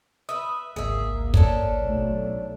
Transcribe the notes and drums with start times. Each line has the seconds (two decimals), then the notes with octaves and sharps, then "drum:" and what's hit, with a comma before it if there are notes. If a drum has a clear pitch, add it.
0.29 B4 E5 D#6
0.76 G#1 C#2 A#3 G#4 E5
1.34 C#4 D4 A4, drum: kick
1.82 B1 A3